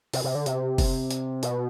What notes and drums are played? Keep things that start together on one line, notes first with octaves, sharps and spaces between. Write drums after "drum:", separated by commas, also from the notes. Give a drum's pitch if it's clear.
C3, drum: open hi-hat
C3
D3
C3, drum: hi-hat
drum: kick, open hi-hat
drum: hi-hat
B2, drum: hi-hat